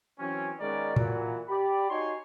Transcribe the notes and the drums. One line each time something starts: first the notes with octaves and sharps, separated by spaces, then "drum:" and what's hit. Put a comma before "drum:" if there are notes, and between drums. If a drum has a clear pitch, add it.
E3 F#3 C4 C#4
D#3 G#3 B3 C#4 A#4 D5
A#2 E3 F#3, drum: tom A2
G4 D5 B5
D#4 F#4 C#5 G#5 C6